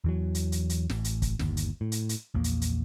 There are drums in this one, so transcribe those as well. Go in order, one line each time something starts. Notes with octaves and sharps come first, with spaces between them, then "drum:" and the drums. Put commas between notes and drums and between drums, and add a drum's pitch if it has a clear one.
E2 E3 F#3
drum: hi-hat
drum: hi-hat
drum: hi-hat
A1, drum: snare
drum: hi-hat
drum: kick, hi-hat
G1 D#2, drum: snare
drum: hi-hat
A2
drum: hi-hat
drum: hi-hat
A#1 E2 A#3
drum: hi-hat
drum: hi-hat